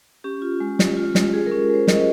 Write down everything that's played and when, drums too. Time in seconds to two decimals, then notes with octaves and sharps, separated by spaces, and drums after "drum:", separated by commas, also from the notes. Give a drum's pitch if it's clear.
0.24 C#4 G4
0.42 F4
0.60 G#3
0.79 G#3, drum: snare
0.97 F4
1.15 G#3, drum: snare
1.33 G#3 G#4
1.46 A#4
1.51 C#4
1.69 G#3 C5
1.87 C#4 D#5, drum: snare